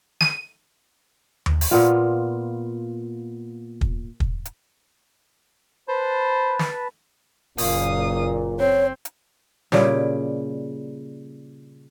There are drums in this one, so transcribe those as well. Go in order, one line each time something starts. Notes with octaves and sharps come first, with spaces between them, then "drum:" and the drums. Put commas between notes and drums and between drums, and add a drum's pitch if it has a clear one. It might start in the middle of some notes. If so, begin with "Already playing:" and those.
D#7, drum: snare
drum: tom D#2
drum: open hi-hat
A#2 B3 F4
drum: kick
drum: kick
drum: hi-hat
B4 C5 A5 B5
drum: snare
F#1 A#2 F5 D#6, drum: open hi-hat
C4 C#5
drum: hi-hat
A#2 C#3 G3 E4, drum: snare